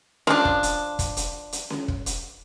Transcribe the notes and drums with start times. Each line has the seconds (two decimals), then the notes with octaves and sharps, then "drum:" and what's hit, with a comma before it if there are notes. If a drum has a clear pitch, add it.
0.27 F3 D4, drum: snare C#4
0.45 drum: kick
0.63 drum: hi-hat
0.99 drum: kick, hi-hat
1.17 drum: hi-hat
1.52 drum: hi-hat
1.70 drum: snare C#4
1.88 drum: kick
2.06 drum: hi-hat